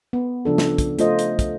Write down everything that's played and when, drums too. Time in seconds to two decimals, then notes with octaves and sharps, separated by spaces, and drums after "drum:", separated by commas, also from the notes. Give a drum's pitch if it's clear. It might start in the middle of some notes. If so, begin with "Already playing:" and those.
0.13 B3
0.45 C#3 F3 D4 A4
0.58 drum: snare
0.78 drum: kick, hi-hat
0.99 A3 F4 C5 D#5, drum: hi-hat
1.19 drum: hi-hat
1.39 drum: kick, hi-hat